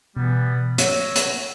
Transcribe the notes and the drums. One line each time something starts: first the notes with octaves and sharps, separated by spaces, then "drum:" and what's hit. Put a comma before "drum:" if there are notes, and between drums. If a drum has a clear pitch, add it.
B2 E3 G3 B3
C#5 F#5 E6 A#6, drum: hi-hat
drum: hi-hat